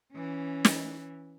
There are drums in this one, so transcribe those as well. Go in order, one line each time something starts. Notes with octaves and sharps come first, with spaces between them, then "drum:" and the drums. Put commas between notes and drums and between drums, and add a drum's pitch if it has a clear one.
E3 C#4
drum: snare